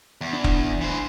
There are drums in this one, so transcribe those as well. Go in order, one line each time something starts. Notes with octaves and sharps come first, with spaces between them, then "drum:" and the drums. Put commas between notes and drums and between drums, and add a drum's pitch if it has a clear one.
E2
D4
drum: kick F1
E3 C5